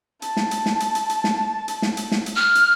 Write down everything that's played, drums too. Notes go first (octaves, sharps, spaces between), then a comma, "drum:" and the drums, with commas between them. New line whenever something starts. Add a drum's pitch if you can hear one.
A5, drum: hi-hat
drum: snare
drum: hi-hat
drum: snare
drum: hi-hat
drum: hi-hat
drum: hi-hat
drum: snare
drum: hi-hat
drum: snare
drum: hi-hat
drum: snare
drum: hi-hat
F6
drum: hi-hat